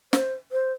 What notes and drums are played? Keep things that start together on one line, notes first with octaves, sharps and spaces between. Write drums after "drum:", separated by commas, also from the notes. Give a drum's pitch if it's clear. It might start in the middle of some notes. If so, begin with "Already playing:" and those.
C5, drum: snare
C5